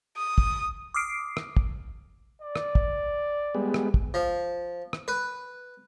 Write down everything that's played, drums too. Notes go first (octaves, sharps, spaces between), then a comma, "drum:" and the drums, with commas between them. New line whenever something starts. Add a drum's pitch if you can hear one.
D#6
drum: kick
D6 D#6 F6 C7 D7
drum: rim click
drum: kick
D5
drum: rim click
drum: kick
G3 G#3 B3
drum: rim click
drum: kick
F3
drum: rim click
B4